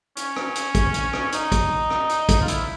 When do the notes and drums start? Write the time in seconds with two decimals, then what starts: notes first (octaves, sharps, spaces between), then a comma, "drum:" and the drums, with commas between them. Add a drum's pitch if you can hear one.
0.17 C#4, drum: hi-hat
0.36 drum: rim click
0.55 drum: hi-hat
0.75 drum: kick, hi-hat
0.94 drum: hi-hat
1.13 drum: rim click
1.32 D#4, drum: hi-hat
1.52 drum: kick, hi-hat
1.90 drum: rim click
2.09 drum: hi-hat
2.29 drum: kick, hi-hat
2.42 F4
2.48 E4, drum: hi-hat